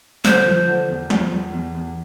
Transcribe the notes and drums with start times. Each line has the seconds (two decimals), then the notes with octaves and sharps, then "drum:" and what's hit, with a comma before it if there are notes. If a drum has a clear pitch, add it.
0.25 D3 C5, drum: snare
0.46 F3
0.67 D3
0.89 E2
1.10 F3, drum: snare
1.31 E2
1.53 E2
1.75 E2